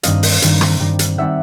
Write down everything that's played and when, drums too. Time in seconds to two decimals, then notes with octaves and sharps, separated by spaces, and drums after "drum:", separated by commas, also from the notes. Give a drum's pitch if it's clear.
0.03 G2 D#3 G3 C4 D#5 F5, drum: hi-hat
0.23 drum: open hi-hat
0.42 G2 D#3 G3 C4, drum: hi-hat
0.61 drum: rim click
0.80 G2 D#3 G3 C4
0.99 drum: hi-hat
1.18 D#3 G3 C4 E5 F#5